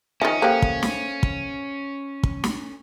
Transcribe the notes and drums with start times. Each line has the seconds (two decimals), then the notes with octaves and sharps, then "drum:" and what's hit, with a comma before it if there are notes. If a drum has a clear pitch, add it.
0.21 D#3 F3 C#4 E5 G#5 D#6
0.42 A#3 G4 A4 C5 F5
0.62 drum: kick
0.83 drum: snare
1.23 drum: kick
2.23 drum: kick
2.44 drum: snare